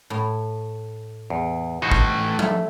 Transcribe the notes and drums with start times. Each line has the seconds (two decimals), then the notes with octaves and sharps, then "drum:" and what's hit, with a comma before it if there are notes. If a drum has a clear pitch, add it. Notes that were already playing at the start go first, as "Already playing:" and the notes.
0.10 A2
1.30 E2
1.82 A2 E3 D#4 F#4 C5
1.91 drum: kick
2.39 A3 E5, drum: tom F3